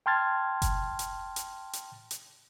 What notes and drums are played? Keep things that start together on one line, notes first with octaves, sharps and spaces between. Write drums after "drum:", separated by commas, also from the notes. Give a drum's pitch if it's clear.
G5 A5 C6 F6 G#6 A6
drum: kick F#1, hi-hat
drum: hi-hat
drum: hi-hat
drum: hi-hat
drum: hi-hat